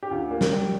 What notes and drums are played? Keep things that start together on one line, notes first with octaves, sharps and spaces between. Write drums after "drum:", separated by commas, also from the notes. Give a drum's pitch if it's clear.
G4
D2 F4
A#3
A#4, drum: snare
G3